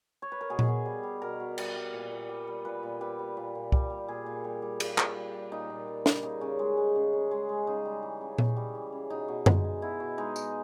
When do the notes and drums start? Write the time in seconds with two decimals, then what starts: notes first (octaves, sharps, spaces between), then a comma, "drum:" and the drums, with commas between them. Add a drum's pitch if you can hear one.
0.22 C#5
0.32 B4
0.41 A#4
0.50 B2 G#4
0.59 drum: tom A#2
0.68 B2
0.86 G3
1.03 G3
1.22 B2 A#4
1.40 B2
1.58 G3, drum: cymbal
1.76 G3
1.93 A#2
2.11 A#2
2.29 G3
2.47 G3
2.65 A#2 B4
2.83 A#2
3.01 G3 B4
3.19 G3
3.37 A#2
3.55 A#2
3.72 G3, drum: kick C2
3.90 G3
4.08 A#2 G#4
4.26 A#2
4.44 G3
4.62 G3
4.80 A#2, drum: cymbal
4.98 A#2, drum: clap
5.16 G3
5.34 G3
5.52 A#2 D#4
5.70 A#2
5.88 G3
6.06 G3, drum: snare
6.23 C#3 D#4
6.41 C#3
6.59 G#3
6.77 G#3
6.96 C#3
7.13 C#3
7.31 G#3
7.49 G#3
7.67 C#3 D#4
7.85 G3
8.03 E3
8.21 C#3
8.38 C#3, drum: tom A#2
8.56 G3
8.75 E3
8.92 C#3
9.10 B2 D#4
9.28 B2
9.46 G#3, drum: tom F#2
9.64 G#3
9.82 B2 E4
10.00 B2
10.18 G#3 D#4
10.36 G#3, drum: tambourine